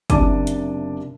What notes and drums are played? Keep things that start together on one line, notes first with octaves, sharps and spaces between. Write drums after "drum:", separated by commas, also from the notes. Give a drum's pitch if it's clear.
F#1 C3 D4 A5 D6 D#7, drum: kick, hi-hat
drum: hi-hat